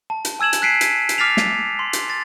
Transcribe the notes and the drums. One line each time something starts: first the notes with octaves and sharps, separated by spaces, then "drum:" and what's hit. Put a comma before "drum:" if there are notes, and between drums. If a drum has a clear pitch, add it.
A5
drum: hi-hat
G#5 E6 G#6 E7 F#7
drum: hi-hat
F#6 G#6 B6 C7 D7 D#7
drum: hi-hat
drum: hi-hat
D6 F6 A6 B6 C7 F7
drum: snare
C6
drum: hi-hat
A6